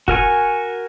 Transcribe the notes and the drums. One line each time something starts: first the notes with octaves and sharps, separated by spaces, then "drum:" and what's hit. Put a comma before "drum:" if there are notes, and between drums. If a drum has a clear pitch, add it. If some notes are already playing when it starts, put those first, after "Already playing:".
F#4 A#4 G#5 C#6, drum: kick